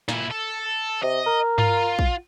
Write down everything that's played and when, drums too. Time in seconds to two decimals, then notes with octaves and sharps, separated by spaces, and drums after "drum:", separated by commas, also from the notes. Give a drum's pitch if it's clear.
0.09 A#2 E4, drum: snare
0.31 A4
1.03 C3 D#5
1.26 A#4
1.58 F4, drum: tom G2
1.99 drum: kick